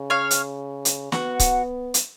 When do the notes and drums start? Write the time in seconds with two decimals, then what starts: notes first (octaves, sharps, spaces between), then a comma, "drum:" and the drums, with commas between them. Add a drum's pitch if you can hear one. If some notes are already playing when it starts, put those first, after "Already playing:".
Already playing: C#3
0.10 C#5 F5
0.31 drum: hi-hat
0.85 drum: hi-hat
1.12 B3 F#4, drum: snare
1.40 drum: kick C#1, hi-hat
1.94 drum: hi-hat